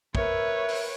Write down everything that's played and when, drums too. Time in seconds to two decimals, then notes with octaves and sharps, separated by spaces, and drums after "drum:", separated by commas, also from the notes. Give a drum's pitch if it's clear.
0.15 A#4 B4 C#5 E5 C#7, drum: kick
0.68 drum: open hi-hat